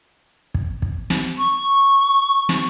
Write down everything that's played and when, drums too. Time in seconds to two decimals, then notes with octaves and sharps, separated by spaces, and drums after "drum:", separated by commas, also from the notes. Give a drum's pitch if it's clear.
0.54 drum: kick
0.82 drum: kick
1.10 drum: snare
1.38 C#6
2.49 drum: snare